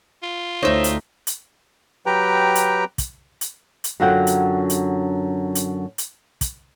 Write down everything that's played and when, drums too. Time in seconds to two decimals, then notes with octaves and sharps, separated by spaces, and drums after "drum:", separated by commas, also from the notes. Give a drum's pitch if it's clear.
0.23 F4
0.63 D2 D#4 C5 C#5 E5
0.84 drum: hi-hat
1.27 drum: hi-hat
2.06 F#3 G4 B4 G5 A#5
2.55 drum: hi-hat
2.98 drum: kick, hi-hat
3.41 drum: hi-hat
3.84 drum: hi-hat
4.00 F#2 D3 F#3 F4 F#5 G5
4.27 drum: hi-hat
4.70 drum: hi-hat
5.55 drum: hi-hat
5.98 drum: hi-hat
6.41 drum: kick, hi-hat